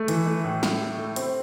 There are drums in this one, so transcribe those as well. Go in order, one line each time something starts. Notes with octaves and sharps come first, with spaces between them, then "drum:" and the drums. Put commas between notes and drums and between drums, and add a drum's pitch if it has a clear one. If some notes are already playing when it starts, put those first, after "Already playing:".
Already playing: A3
E3, drum: hi-hat
A3
A2
E4, drum: snare
G4
A3
C4, drum: hi-hat